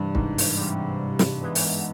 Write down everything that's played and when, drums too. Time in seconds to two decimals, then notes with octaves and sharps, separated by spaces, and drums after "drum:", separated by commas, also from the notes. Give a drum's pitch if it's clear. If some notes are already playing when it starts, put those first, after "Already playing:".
Already playing: G2 C3 E3 G3
0.15 G#2, drum: kick
0.38 drum: open hi-hat
0.56 C3 E3 G3
1.19 drum: snare
1.41 E3 G#3 B3
1.55 drum: open hi-hat